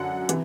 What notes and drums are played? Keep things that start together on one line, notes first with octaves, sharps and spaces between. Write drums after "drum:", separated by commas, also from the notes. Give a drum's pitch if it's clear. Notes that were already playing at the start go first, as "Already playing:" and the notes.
Already playing: F#2 D3 F#3 F#5
C3 E3, drum: hi-hat